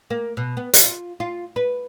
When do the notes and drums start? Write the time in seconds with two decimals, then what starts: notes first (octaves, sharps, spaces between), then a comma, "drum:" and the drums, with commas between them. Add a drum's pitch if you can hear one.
0.10 A#3
0.37 B2
0.57 B3
0.74 F4, drum: hi-hat
1.20 F4
1.56 B4